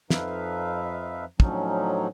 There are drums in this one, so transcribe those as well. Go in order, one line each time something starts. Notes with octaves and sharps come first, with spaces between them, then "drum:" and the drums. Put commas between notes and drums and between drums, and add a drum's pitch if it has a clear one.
F2 F3 D#4 B4 E5 F5, drum: snare
A2 D3 F3 F#3 C#4 D#4, drum: kick